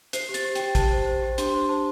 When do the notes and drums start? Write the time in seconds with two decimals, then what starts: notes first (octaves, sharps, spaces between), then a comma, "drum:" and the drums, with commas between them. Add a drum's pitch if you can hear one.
0.13 C5 C7, drum: hi-hat
0.29 G4
0.34 A6, drum: hi-hat
0.45 G4
0.55 G4 G5, drum: hi-hat
0.75 C5 A5, drum: kick, hi-hat
0.91 C5
1.06 C5
1.22 G4
1.38 D4 C6, drum: hi-hat
1.54 C5
1.69 C5 A5